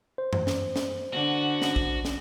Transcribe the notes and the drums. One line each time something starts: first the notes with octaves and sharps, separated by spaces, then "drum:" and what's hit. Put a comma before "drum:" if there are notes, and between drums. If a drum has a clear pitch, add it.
C5
drum: tom
drum: snare
drum: snare
D3 F#4
drum: snare
drum: kick A#1
drum: snare